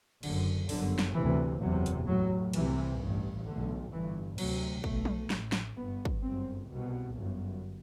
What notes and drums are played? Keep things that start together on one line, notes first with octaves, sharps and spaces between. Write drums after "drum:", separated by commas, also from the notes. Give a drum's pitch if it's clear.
F#1 F#2 D3, drum: cymbal
G1 F#2 D3, drum: open hi-hat
drum: snare
D2 C3 E3
F#1 E2 C3 F#3
drum: hi-hat
A1 A2 F#3
C2 C3 E3, drum: cymbal
A1 G2
B1 A2 D3
G1 G2 E3
D2 C3 F#3, drum: cymbal
B1 B2 A3, drum: kick
drum: tom
A1 A2, drum: snare
drum: snare
G1 G2 B3
drum: kick
G1 F#2 C4
C2 B2
G1 F#2